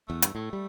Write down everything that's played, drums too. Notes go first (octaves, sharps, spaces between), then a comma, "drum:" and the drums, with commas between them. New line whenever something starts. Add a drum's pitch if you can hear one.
E2 A3
G2, drum: hi-hat
A2 A3
G3